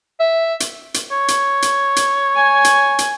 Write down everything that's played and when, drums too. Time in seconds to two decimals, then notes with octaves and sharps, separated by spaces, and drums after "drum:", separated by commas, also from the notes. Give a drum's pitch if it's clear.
0.20 E5
0.60 drum: hi-hat
0.94 drum: hi-hat
1.11 C#5
1.28 drum: hi-hat
1.62 drum: hi-hat
1.96 drum: hi-hat
2.35 G#5
2.64 drum: hi-hat
2.99 drum: hi-hat